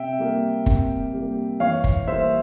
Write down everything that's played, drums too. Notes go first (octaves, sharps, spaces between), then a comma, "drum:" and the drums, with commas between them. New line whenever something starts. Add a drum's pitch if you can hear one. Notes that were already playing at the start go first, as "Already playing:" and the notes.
Already playing: C3 E5 G5
G3 A#3
C3, drum: kick
G3 A#3
E3 C#5 F5
drum: kick
G3 A#3 C5 E5